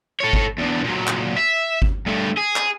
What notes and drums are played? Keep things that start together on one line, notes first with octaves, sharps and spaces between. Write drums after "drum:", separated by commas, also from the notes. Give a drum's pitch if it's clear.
A4 C#5
drum: kick G1
E2 D3
A#2 F#3
drum: clap
E5
drum: kick G1
G2 A3
G#4
drum: clap